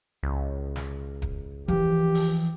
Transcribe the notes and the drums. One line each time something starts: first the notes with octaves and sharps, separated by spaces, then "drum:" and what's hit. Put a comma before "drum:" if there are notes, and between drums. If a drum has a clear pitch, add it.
C#2
drum: snare
drum: kick, hi-hat
E3 F3 G4, drum: kick, hi-hat
drum: open hi-hat